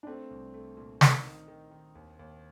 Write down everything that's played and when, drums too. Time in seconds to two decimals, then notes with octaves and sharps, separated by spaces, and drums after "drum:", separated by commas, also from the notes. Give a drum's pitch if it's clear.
0.03 D4
0.07 A3 C4
0.30 C2
0.54 A3
0.77 A#2
1.01 D#3, drum: snare
1.24 D#4
1.48 D#3
1.71 D#3
1.95 D#2
2.19 D#2